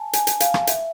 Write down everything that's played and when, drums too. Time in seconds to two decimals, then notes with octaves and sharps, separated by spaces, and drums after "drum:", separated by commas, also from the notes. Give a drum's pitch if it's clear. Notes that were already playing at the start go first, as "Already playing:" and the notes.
Already playing: G#5 A5
0.13 G#5, drum: hi-hat
0.27 drum: hi-hat
0.40 F5, drum: hi-hat
0.54 drum: rim click
0.67 E5, drum: hi-hat